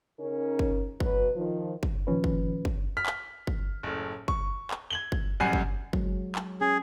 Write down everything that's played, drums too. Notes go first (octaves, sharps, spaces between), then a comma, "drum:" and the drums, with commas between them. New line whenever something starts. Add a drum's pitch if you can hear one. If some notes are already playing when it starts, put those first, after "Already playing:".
C#3 C#4 D#4 A#4
drum: kick
B2 F#3 B4, drum: kick
D#3 F3
drum: kick
A#2 D#3 F3 C#4 B4
drum: kick
drum: kick
F6 B6
drum: clap
drum: kick
F#1 A2
C#6, drum: kick
drum: clap
G#6 F#7 G7
drum: kick
A1 F#2 G3 F#5 G#5 C7
drum: kick
F#3 G#3, drum: kick
drum: clap
C#4 G#4